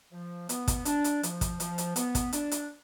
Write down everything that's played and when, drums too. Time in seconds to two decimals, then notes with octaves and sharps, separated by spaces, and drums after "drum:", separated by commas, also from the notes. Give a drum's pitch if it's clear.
0.12 F3
0.49 B3, drum: hi-hat
0.68 drum: kick, hi-hat
0.85 D4, drum: hi-hat
1.04 drum: hi-hat
1.23 F3, drum: hi-hat
1.41 drum: kick, hi-hat
1.60 F3, drum: hi-hat
1.78 drum: hi-hat
1.96 B3, drum: hi-hat
2.15 drum: kick, hi-hat
2.33 D4, drum: hi-hat
2.51 drum: hi-hat